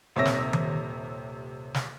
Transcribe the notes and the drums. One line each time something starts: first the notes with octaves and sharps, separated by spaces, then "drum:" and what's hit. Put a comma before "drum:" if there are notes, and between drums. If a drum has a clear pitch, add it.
D#1 C3 C#5 E5 E6 A#6
drum: snare
drum: tom D#3
drum: snare